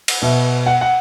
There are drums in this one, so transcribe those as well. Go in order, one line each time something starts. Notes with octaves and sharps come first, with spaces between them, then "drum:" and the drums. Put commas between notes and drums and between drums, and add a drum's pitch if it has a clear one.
drum: cymbal
B2 E5
F#5
F#5